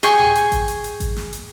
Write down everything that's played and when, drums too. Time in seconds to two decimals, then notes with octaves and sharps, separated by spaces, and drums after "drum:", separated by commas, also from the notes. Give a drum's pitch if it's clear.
0.03 G#4 G5 G#5 C#6, drum: hi-hat
0.19 drum: tom G#2
0.35 drum: hi-hat
0.52 drum: kick A1, hi-hat
0.68 drum: hi-hat
0.84 drum: hi-hat
1.00 drum: kick A1, hi-hat
1.16 drum: snare
1.33 drum: hi-hat